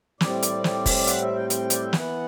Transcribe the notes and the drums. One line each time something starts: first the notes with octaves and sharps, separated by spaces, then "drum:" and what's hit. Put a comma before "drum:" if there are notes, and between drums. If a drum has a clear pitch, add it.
A2 G3 C4 D5, drum: snare
drum: hi-hat
drum: snare
drum: kick F1, open hi-hat
F#5, drum: hi-hat
E5
G5
G5, drum: hi-hat
D5, drum: hi-hat
E5
E3 B3 F#5, drum: snare